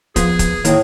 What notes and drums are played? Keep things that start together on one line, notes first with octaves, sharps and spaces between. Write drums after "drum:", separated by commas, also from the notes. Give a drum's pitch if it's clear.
F3 B3 G#4, drum: kick, hi-hat
drum: kick, hi-hat
A2 D#3 A#3 C4, drum: hi-hat